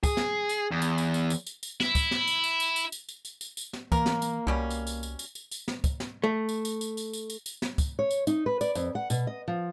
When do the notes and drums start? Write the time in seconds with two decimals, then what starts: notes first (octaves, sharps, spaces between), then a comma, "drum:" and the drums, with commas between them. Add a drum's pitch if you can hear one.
0.04 G#4, drum: kick, tambourine
0.17 drum: snare
0.49 drum: tambourine
0.71 E2
0.82 drum: tambourine
0.98 drum: tambourine
1.14 drum: tambourine
1.30 drum: tambourine
1.47 drum: tambourine
1.63 drum: tambourine
1.80 E4 E5, drum: snare
1.95 drum: kick, tambourine
2.11 drum: snare
2.28 drum: tambourine
2.44 drum: tambourine
2.60 drum: tambourine
2.76 drum: tambourine
2.92 drum: tambourine
3.09 drum: tambourine
3.25 drum: tambourine
3.41 drum: tambourine
3.57 drum: tambourine
3.73 drum: snare
3.92 E3 A#3 A#4, drum: kick, tambourine
4.06 drum: snare
4.22 drum: tambourine
4.47 C2 B2 G3 C#4
4.70 drum: tambourine
4.87 drum: tambourine
5.03 drum: tambourine
5.19 drum: tambourine
5.35 drum: tambourine
5.51 drum: tambourine
5.68 drum: snare
5.84 drum: kick, tambourine
6.00 drum: snare
6.24 A3
6.49 drum: tambourine
6.65 drum: tambourine
6.81 drum: tambourine
6.97 drum: tambourine
7.13 drum: tambourine
7.30 drum: tambourine
7.46 drum: tambourine
7.62 drum: snare
7.78 drum: kick, tambourine
7.99 C#5
8.11 drum: tambourine
8.27 D#4, drum: tambourine
8.46 B4
8.61 D5, drum: tambourine
8.75 F2, drum: tambourine
8.95 F#5
9.10 B2, drum: tambourine
9.27 D#5
9.48 F3